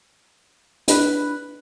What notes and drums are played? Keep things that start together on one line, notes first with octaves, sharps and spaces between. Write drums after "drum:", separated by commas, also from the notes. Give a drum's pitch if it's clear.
D4 B4 B5 F#6, drum: hi-hat